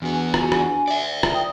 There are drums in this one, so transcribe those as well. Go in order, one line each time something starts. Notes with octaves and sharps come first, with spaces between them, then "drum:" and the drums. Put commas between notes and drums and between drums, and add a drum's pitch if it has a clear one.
E2 B3 D4 F#4 G#5
drum: rim click
drum: rim click
D5 E5
drum: rim click
G5 D#6